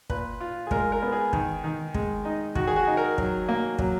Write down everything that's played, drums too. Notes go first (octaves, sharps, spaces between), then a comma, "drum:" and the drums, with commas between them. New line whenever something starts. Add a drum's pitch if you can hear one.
A#2 B4, drum: kick
F4
G#4
G#3 A#4, drum: kick
A#4
B3
G#4
D#3, drum: kick
D#3
G#3, drum: kick
D#4
D#3 F#4, drum: kick
G#4
F#4
D#4
A#4
F#3, drum: kick
A#3
F#3, drum: kick